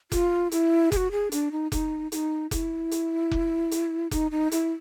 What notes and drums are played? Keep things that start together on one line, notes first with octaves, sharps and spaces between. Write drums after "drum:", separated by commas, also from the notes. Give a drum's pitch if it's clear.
F4, drum: kick F1, hi-hat
E4, drum: hi-hat
G#4, drum: kick F1, hi-hat
F#4
G#4
D4, drum: hi-hat
D#4
D#4, drum: kick F1, hi-hat
E4, drum: hi-hat
D#4
E4, drum: kick F1, hi-hat
drum: hi-hat
drum: kick F1
drum: hi-hat
D#4, drum: kick F1, hi-hat
D#4
E4, drum: hi-hat